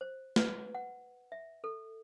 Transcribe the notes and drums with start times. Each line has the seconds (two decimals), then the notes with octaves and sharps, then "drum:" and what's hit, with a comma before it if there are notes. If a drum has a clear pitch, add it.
0.01 C5
0.36 B4, drum: snare
0.75 F#5
1.32 E5
1.64 A4